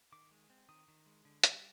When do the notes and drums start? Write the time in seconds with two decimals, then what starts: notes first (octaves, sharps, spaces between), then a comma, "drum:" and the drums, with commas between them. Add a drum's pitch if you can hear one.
0.12 D#3 D6
0.31 G#3
0.50 C4
0.69 D#3 D#6
0.88 D#3
1.06 G#3
1.25 D3
1.44 G3, drum: hi-hat